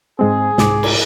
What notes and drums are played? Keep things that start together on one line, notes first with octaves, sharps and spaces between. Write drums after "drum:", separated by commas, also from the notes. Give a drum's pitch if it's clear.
G#2 G#3 C4 G#4
C2 G#2 D6, drum: snare
drum: cymbal